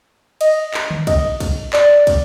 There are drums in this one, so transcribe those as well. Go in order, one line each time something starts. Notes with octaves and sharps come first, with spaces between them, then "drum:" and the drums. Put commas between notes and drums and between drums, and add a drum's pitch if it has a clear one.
D#5, drum: cymbal
drum: clap
drum: tom D3
D#5, drum: kick, cymbal
drum: kick, cymbal
D5, drum: clap
drum: kick, cymbal